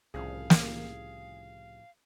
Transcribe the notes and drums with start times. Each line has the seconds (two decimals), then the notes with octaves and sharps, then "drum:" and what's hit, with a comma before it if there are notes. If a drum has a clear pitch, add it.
0.14 C2 A2 C#3 F3 G#4 F5
0.50 drum: snare